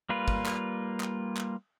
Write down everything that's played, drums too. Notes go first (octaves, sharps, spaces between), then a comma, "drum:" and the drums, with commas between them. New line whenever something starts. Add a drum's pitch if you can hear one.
G3 A#3 F4 B4
drum: kick
drum: clap
drum: clap
drum: clap